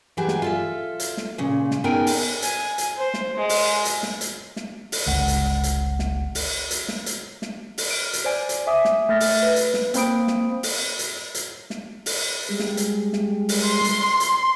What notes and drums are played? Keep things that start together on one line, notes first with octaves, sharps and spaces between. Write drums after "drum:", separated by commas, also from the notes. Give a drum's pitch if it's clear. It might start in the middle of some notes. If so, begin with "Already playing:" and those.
E3 F#3 G4 G#4
drum: snare
F4 A4 E5
drum: hi-hat
drum: snare
A#2 C#3
drum: snare
B3 D#4 G#4 A#4 G5 G#5
drum: open hi-hat
G#5, drum: hi-hat
drum: hi-hat
C5
drum: snare
G#3
drum: open hi-hat
drum: hi-hat
drum: snare
drum: hi-hat
drum: snare
drum: open hi-hat
G1 C#2 F#5
drum: hi-hat
drum: hi-hat
drum: snare
drum: open hi-hat
drum: hi-hat
drum: snare
drum: hi-hat
drum: snare
drum: open hi-hat
F6 D7
drum: hi-hat
C5 D5 G#5 D7
drum: hi-hat
E5 G#5 D6 D#6
drum: snare
A3 E5 F6 A6 A#6
drum: open hi-hat
B4
drum: hi-hat
drum: snare
A#3 C4 C5 B5 D#6 D7, drum: hi-hat
drum: snare
drum: open hi-hat
drum: hi-hat
drum: hi-hat
drum: snare
drum: open hi-hat
G3 G#3
drum: snare
drum: hi-hat
drum: snare
drum: open hi-hat
C6
drum: hi-hat
drum: hi-hat